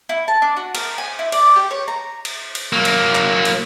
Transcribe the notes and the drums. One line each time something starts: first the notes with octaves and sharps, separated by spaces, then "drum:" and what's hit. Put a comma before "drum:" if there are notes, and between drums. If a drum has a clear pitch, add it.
E4
A5
D4
F#4
A#4, drum: cymbal
G#5
E4
D5, drum: cymbal
G4
C#5
A#5
drum: cymbal
drum: cymbal
F#3 A#3
drum: cymbal
drum: clap
drum: cymbal